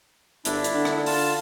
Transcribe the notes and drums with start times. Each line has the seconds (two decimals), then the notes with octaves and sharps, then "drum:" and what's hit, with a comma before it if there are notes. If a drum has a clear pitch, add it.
0.45 G1 D4 E4, drum: hi-hat
0.64 drum: hi-hat
0.74 D3
0.85 drum: rim click
1.06 F4 A5, drum: open hi-hat